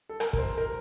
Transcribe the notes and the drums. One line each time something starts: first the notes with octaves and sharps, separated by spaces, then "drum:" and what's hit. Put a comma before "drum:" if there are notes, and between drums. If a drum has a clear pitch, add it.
A4
A#4, drum: rim click
A#4, drum: kick
C5
A#4